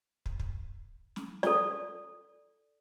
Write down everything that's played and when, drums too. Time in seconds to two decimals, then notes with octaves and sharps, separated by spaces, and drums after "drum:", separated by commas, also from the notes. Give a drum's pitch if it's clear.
0.26 drum: kick
0.40 drum: kick
1.16 drum: snare
1.43 A4 D5, drum: snare